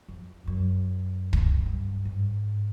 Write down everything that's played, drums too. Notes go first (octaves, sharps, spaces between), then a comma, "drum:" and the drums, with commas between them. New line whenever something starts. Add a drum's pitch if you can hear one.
F2
F#2
drum: kick
G2
G#2